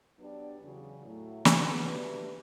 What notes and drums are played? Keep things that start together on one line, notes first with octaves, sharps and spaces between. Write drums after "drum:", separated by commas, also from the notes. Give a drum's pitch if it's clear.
F#3 B3 D4 G4 D5
E2 C#3 F#3
A2 F#3 A3
F#3 B3 F#4, drum: snare
B2 A3 D4 G4 B4